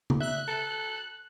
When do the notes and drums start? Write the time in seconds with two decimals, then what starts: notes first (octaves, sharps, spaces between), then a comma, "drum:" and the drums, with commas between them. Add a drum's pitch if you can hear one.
0.10 drum: tom C#3
0.21 E5 F#6
0.48 A4